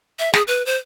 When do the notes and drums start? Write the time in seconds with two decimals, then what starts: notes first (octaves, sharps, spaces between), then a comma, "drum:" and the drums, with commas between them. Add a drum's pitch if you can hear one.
0.19 E5
0.33 G#4, drum: snare
0.47 B4
0.66 C5